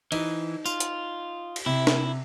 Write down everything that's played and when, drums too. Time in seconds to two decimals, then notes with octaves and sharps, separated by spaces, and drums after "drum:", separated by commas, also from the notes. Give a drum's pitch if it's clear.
0.12 E3 D#4, drum: cymbal
0.66 F4, drum: tambourine
0.80 drum: hi-hat
1.56 drum: cymbal
1.66 C3 E4
1.87 drum: snare